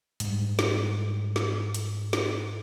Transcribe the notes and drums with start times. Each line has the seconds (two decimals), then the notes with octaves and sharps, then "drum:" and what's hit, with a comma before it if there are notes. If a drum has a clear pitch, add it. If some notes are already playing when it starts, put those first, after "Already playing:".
0.20 G#2 G3, drum: hi-hat
0.59 drum: snare
1.36 drum: snare
1.74 drum: hi-hat
2.13 drum: snare